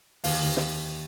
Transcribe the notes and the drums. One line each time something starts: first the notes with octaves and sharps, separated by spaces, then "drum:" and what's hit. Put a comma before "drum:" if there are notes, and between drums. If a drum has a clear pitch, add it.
D#2 F5, drum: open hi-hat
D#2
drum: snare